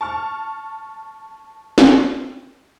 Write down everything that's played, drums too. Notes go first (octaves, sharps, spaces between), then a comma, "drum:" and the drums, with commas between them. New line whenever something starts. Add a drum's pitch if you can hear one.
A5 C#6 F6
drum: snare